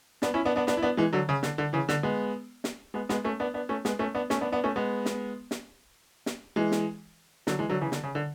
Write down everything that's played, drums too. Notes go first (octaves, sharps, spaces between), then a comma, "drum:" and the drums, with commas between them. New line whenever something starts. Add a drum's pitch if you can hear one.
B3 D4, drum: snare
C#4 E4
B3 D4
B3 D4
B3 D4, drum: snare
E4
B3 D4
E3 G#3
D3 F#3
C#3
D3, drum: snare
D3
C#3 E3
D3, drum: snare
G#3 B3
drum: snare
G#3 B3
G#3 B3, drum: snare
A3 C#4
B3 D4
B3 D4
A3 C#4
G#3 B3, drum: snare
A3 C#4
B3 D4
A3 C#4, drum: snare
B3 D4
B3 D4
A3 C#4
G#3 B3
drum: snare
drum: snare
drum: snare
E3 G#3
drum: snare
D3 F#3, drum: snare
E3 G#3
D3 F#3
C#3 E3
D3, drum: snare
C#3
D3